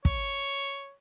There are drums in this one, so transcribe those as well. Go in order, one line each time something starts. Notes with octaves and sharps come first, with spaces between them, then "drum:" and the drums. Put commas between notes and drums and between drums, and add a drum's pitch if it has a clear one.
C#5, drum: kick